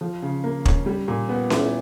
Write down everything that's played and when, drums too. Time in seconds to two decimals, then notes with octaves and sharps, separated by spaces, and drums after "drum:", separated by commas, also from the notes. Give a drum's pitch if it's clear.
0.01 F3
0.22 C#3
0.44 A#3
0.65 C#4, drum: kick
0.86 G3
1.08 A#2
1.29 B3
1.50 E4, drum: snare C#4